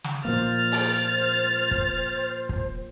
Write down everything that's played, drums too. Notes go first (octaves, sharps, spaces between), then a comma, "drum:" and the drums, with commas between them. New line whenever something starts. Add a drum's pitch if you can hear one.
drum: snare
A#2 F3 A#3 C5 F6 A6
drum: open hi-hat
drum: kick
drum: kick